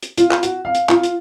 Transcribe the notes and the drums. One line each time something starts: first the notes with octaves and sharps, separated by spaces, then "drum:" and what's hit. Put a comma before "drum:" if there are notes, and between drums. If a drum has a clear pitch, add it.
drum: hi-hat
F4, drum: hi-hat
drum: clap
F#4, drum: hi-hat
F5
drum: hi-hat
F4, drum: clap
drum: hi-hat